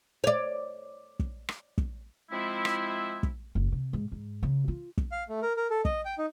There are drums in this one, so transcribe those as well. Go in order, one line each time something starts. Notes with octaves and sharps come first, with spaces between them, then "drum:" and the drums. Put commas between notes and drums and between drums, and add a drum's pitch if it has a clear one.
C#5 D5
drum: kick
drum: rim click
drum: kick
F3 G#3 C4 E4
drum: rim click
drum: kick
F#1
C3
G#2
G#2
C#3
F4
drum: kick
F5
A3
A#4
A#4
A4
D#5, drum: kick
G5
D#4